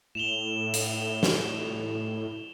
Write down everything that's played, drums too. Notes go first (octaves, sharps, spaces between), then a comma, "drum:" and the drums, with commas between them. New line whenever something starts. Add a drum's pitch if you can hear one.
A2 E7 F7 G7
drum: hi-hat
drum: snare